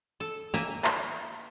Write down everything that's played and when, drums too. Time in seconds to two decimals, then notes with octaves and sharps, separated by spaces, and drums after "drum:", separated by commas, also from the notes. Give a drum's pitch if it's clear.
0.20 A4
0.54 A#3 E5 G5 G#5 A#5
0.84 drum: clap